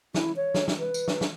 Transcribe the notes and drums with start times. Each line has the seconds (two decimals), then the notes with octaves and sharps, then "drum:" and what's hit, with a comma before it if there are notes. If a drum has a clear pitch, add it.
0.14 E4, drum: snare
0.36 C#5
0.54 drum: snare
0.68 drum: snare
0.79 B4
0.94 drum: tambourine
1.08 drum: snare
1.21 drum: snare